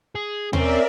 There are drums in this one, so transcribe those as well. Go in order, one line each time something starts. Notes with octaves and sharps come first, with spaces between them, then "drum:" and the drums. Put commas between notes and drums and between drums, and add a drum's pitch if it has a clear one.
G#4
C4 C#4 A#4 D5 E5, drum: tom D#2